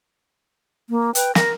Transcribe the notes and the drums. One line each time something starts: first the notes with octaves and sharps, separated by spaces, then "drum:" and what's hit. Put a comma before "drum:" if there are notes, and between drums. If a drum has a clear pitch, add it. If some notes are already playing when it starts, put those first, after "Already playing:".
A#3
B4 G5, drum: hi-hat
A#4 A#6, drum: snare